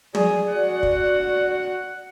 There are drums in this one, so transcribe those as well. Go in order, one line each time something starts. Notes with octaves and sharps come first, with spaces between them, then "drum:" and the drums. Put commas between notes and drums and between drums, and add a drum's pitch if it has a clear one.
G#4 D5, drum: tom
F#4 F#5
drum: kick